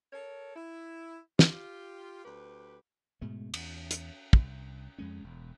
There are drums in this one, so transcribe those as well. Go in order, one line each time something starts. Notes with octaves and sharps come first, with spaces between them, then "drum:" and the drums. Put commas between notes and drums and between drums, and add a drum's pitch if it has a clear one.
A4 A#4 C#5
E4
F4 G4, drum: snare
D2 G4 B4
G#2 B2 G#3 A3
E2, drum: cymbal
drum: hi-hat
C2, drum: kick
F2 G#3 C#4
E1